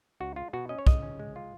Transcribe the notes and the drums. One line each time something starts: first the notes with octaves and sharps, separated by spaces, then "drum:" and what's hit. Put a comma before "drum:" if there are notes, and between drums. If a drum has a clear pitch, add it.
C#2 F#4
G#3 F4
B2 F#4
C#4 D#5
C#5
C#3 D#5, drum: kick
C#4
G#3
F4